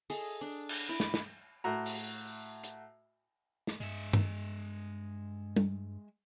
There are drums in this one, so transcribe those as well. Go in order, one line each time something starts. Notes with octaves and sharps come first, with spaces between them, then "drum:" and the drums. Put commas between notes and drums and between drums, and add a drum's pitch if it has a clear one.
G#4 A4 D#5, drum: open hi-hat
D4
drum: cymbal
E4 D5
drum: snare
drum: snare
A2 F#4 A#5
drum: open hi-hat
drum: hi-hat
drum: snare
G2 G#3 E5
drum: tom G2
drum: tom